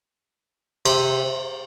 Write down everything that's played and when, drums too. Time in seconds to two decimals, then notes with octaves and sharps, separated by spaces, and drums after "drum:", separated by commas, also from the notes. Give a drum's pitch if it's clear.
0.86 C3, drum: cymbal